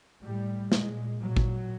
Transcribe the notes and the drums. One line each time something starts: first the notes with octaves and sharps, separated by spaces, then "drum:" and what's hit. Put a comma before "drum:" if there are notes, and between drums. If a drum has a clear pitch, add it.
A2 G3
A#2 G#3, drum: snare
A#2 F#3
drum: kick G#1